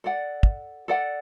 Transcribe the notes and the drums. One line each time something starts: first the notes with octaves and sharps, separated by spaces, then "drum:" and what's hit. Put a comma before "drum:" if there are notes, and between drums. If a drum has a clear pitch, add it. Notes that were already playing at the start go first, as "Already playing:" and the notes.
A4 D5 F#5
drum: kick
A4 D5 F#5